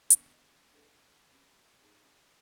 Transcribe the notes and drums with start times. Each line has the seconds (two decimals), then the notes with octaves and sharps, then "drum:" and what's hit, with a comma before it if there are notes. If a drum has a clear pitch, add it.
0.10 D#3 B3 D4, drum: hi-hat
0.33 D#5
0.73 D4 G#4 A4 B4
1.31 C4 C#4 G4 B5
1.81 C4 D#4 G4 G#4 A5
2.05 C4